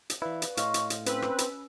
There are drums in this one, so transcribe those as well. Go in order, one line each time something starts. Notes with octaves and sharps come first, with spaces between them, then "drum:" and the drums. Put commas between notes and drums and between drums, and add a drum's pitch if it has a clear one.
drum: hi-hat
E3 E4 B4 D5 F5
drum: hi-hat
A2 C#5 D#5 F5 C6 C#6, drum: hi-hat
drum: hi-hat
drum: hi-hat
C4 C#4 B4 E6, drum: hi-hat
drum: rim click
drum: hi-hat